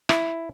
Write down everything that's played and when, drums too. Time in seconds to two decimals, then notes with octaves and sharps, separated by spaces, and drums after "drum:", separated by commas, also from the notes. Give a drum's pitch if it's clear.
0.09 E4, drum: rim click